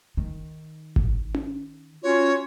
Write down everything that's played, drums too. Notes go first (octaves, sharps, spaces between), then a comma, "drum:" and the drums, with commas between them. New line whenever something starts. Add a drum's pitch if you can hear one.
D#3
drum: kick G#1
drum: tom C#4
C#4 F4 F#4 C#5